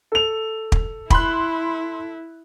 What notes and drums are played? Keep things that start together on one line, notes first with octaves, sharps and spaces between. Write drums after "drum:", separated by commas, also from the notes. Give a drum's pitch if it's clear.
A4 F7
drum: kick
E4 B5 C6 F#6, drum: kick